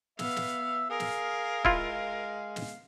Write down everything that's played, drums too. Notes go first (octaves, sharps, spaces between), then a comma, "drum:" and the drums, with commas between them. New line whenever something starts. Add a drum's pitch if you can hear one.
B3 E5 F5, drum: snare
drum: snare
G#4 A#4 F5
drum: snare
G#3 E4 F4, drum: kick
drum: snare